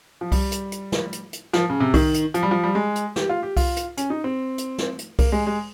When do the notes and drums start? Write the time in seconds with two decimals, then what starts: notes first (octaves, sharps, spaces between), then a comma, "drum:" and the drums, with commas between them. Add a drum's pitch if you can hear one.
0.21 F3
0.32 G3, drum: kick C2, open hi-hat
0.52 drum: hi-hat
0.72 drum: hi-hat
0.92 drum: snare
1.13 drum: hi-hat
1.33 drum: hi-hat
1.53 F3, drum: snare
1.70 C#3
1.80 C3
1.94 D#3, drum: kick C2, open hi-hat
2.14 drum: hi-hat
2.34 F3, drum: hi-hat
2.43 G3
2.51 F3
2.63 G3
2.75 G#3
2.95 drum: hi-hat
3.16 G4, drum: snare
3.29 F4
3.43 G4
3.57 F4, drum: kick C2, open hi-hat
3.77 drum: hi-hat
3.97 C#4, drum: hi-hat
4.10 D#4
4.24 C4
4.58 drum: hi-hat
4.78 drum: snare
4.99 drum: hi-hat
5.19 A#3, drum: kick C2, open hi-hat
5.32 G#3
5.47 G#3